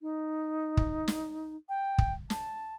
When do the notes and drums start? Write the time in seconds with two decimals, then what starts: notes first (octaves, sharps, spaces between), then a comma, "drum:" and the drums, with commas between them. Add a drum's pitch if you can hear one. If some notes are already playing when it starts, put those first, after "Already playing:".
0.02 D#4
0.77 drum: kick
1.08 drum: snare
1.69 G5
1.98 drum: kick
2.30 A5, drum: snare